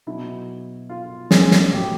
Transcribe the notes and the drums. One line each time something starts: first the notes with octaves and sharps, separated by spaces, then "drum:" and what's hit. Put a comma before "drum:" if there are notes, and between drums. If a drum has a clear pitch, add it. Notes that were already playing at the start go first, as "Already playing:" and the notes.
B2 F#3 E4
F4
G#4, drum: snare
drum: snare
A2 F#3 G4